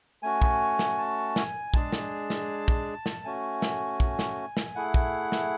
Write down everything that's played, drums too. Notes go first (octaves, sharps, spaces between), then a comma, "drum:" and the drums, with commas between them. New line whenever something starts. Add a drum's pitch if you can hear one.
A3 C#4 F#4 G#5
drum: kick
drum: snare
A5
G#5, drum: snare
G#3 D4 G#4 A5, drum: kick
drum: snare
drum: snare
drum: kick
drum: snare
A3 C#4 F#4 G#5
drum: snare
drum: kick
drum: snare
drum: snare
A3 E4 G#4 F#5
drum: kick
drum: snare